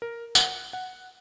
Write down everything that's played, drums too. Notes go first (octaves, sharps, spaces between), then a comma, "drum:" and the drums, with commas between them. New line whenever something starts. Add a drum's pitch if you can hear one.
A#4
F#5, drum: tambourine
F#5